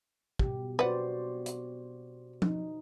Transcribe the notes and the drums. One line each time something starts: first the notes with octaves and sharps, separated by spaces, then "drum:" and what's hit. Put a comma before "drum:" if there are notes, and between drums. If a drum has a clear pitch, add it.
B2 G4, drum: kick
F#4 B4 C5 D5 F#5
drum: hi-hat
D#4, drum: tom F3